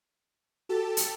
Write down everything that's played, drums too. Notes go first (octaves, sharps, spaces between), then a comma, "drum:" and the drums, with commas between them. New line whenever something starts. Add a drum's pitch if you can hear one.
F#4 G4 A4 A5
drum: hi-hat